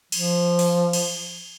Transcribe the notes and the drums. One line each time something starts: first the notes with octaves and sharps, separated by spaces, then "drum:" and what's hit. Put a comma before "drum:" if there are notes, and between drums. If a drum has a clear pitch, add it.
F3, drum: cymbal
drum: open hi-hat
drum: cymbal